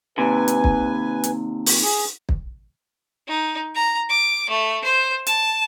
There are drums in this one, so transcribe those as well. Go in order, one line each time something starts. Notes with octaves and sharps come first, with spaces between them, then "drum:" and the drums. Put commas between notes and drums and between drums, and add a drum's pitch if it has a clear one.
D#2 C3 B4 G#5
drum: hi-hat
drum: kick
drum: hi-hat
drum: open hi-hat
G#4
drum: kick
D#4
A#5
D6
A3
C5
A5, drum: hi-hat